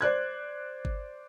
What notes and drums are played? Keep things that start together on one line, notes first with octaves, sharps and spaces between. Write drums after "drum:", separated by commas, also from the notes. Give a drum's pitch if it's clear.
C5 D5 F#6 G#6
drum: kick G1